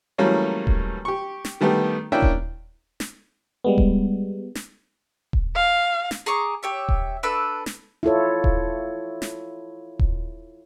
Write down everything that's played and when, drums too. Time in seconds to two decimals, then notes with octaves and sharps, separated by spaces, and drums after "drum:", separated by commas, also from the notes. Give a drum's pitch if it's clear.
0.18 E3 F#3 G3 A3 A#3 C#4
0.67 drum: kick D#1
1.05 G4 C#6
1.45 drum: snare
1.61 D#3 G3 A3 B3 G4
2.12 A#3 C#4 D4 E4 E5 G5
2.22 drum: kick D#1
3.00 drum: snare
3.64 G3 G#3 B3
3.78 drum: kick D#1
4.55 drum: snare
5.33 drum: kick D#1
5.55 F5
6.11 drum: snare
6.26 G#4 A#5 C#6 D6
6.63 G4 C#5 E5
6.89 drum: kick D#1
7.23 D4 A4 B4 E6
7.66 drum: snare
8.03 E4 F4 A4 C#5
8.44 drum: kick D#1
9.22 drum: snare
9.99 drum: kick D#1